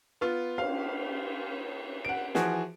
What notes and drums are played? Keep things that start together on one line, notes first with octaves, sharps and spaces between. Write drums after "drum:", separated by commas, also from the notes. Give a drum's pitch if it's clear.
B3 F4
F5, drum: cymbal
F#5 D7
E3 F3 F#4 G#4, drum: snare